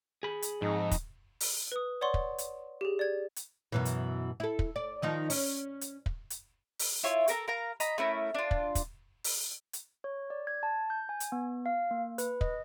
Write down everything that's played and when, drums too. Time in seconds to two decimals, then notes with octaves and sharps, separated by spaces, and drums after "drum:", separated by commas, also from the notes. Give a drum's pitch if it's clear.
0.23 G#4 B5
0.42 drum: hi-hat
0.62 F2 G#2 D#4
0.91 drum: kick, hi-hat
1.40 drum: open hi-hat
1.72 B4 D#6
2.01 C#5 D5 F#5 C6 C#6
2.14 drum: kick
2.38 drum: hi-hat
2.81 G4 G#4
2.99 D5 G#6
3.36 drum: hi-hat
3.72 F#2 B2 E3
3.85 drum: hi-hat
4.40 E4 A4
4.59 drum: kick
4.76 D5
5.02 D#3 F3 D#4
5.30 C#4, drum: open hi-hat
5.81 drum: hi-hat
6.06 drum: kick
6.30 drum: hi-hat
6.79 drum: open hi-hat
7.03 E4 F4 C#5
7.28 A4 A#4 E5 A#5, drum: hi-hat
7.48 A#4 F5 A#5
7.80 D#5 A#5 B5, drum: hi-hat
7.98 A3 C#4 E4 A#4
8.35 D4 F4
8.51 drum: kick
8.75 drum: kick, hi-hat
9.24 drum: open hi-hat
9.73 drum: hi-hat
10.04 C#5
10.30 D5
10.47 G#6
10.63 A5
10.90 G6
11.09 G#5
11.20 drum: hi-hat
11.32 B3
11.66 F5
11.91 A#3
12.18 B4, drum: hi-hat
12.41 D#5, drum: kick